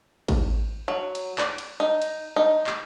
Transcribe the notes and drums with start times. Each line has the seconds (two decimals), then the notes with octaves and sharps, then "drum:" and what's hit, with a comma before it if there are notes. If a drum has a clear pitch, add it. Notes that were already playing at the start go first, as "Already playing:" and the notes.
0.28 drum: kick A1, cymbal
0.88 F#3
1.15 drum: cymbal
1.38 D5, drum: clap
1.58 drum: cymbal
1.80 D#4
2.02 drum: cymbal
2.36 D#4
2.67 drum: clap